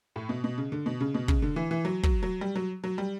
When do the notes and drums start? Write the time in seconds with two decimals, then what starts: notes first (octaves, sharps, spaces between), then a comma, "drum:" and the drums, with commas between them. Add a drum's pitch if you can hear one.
0.16 A2
0.29 B2
0.44 B2
0.58 C#3
0.72 D3
0.86 B2
1.01 C#3
1.14 B2
1.28 C#3, drum: kick
1.42 D3
1.56 E3
1.71 E3
1.85 F#3
2.03 F#3, drum: kick
2.23 F#3
2.41 G3
2.56 F#3
2.84 F#3
2.98 G3